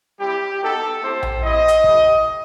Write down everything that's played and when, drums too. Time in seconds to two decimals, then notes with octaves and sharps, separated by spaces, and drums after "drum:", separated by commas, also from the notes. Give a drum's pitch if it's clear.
0.20 G3 C4 E4 G4
0.61 B3 D#4 F#4 A4
1.02 A3 C4 E4 G4 C5
1.22 drum: tom A#1
1.42 C4 E4 G4 D#5
1.68 drum: hi-hat
1.84 A3 E4 G4, drum: kick